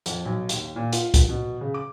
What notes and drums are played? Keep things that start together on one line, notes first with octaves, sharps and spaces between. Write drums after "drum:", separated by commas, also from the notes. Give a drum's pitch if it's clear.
F2, drum: hi-hat
B1
D#2, drum: hi-hat
A#2
F4, drum: hi-hat
drum: kick, hi-hat
B2
C#3
D6